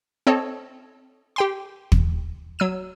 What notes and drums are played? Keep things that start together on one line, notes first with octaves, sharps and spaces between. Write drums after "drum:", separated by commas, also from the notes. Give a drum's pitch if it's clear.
C4 A4 C#5 D#5 A5
G4 G5 C6
drum: kick
F#3 E6 D#7